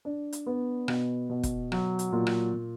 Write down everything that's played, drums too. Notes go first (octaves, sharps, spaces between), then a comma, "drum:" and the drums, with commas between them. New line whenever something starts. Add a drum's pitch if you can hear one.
D4
drum: hi-hat
B3
B2, drum: rim click
B2
drum: kick, hi-hat
F#3, drum: rim click
drum: hi-hat
A#2
drum: rim click
A#2